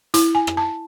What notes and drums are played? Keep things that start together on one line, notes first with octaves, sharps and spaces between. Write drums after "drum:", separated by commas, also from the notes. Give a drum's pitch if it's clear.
E4, drum: hi-hat
G#5
drum: rim click
A5